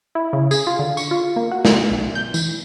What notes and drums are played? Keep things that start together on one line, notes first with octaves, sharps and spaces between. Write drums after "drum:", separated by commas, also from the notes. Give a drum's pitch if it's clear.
E4
C#3
G#4, drum: tambourine
F4
D3
C#6, drum: tambourine
F4
A#3
F#4
drum: snare
B1
G6
E3, drum: tambourine